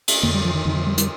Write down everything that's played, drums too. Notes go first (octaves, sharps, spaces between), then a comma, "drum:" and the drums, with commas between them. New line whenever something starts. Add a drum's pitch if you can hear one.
drum: cymbal
F2 D3 A#3
G3
F3
D#3
F2 D3 D#3
F3
G3
G3, drum: hi-hat